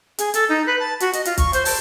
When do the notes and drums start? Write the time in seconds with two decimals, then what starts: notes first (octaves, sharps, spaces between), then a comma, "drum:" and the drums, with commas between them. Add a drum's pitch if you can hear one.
0.18 G#4, drum: hi-hat
0.34 A4, drum: hi-hat
0.49 D#4
0.66 B4
0.79 A5
1.00 F#4, drum: hi-hat
1.13 D#5, drum: hi-hat
1.25 F4, drum: hi-hat
1.37 C#6, drum: kick B1, hi-hat
1.53 C5, drum: hi-hat
1.65 A5, drum: open hi-hat